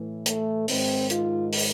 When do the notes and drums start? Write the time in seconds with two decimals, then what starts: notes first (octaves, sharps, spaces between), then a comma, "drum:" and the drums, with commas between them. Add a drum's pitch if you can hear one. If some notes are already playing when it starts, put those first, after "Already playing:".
Already playing: A2 E3
0.26 A3, drum: hi-hat
0.68 G#2 D#3 C4, drum: open hi-hat
1.10 F4, drum: hi-hat
1.53 drum: open hi-hat